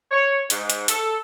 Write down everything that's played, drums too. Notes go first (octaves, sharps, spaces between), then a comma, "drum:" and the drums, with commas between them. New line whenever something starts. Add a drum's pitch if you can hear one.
C#5
G#2, drum: hi-hat
drum: hi-hat
A4, drum: hi-hat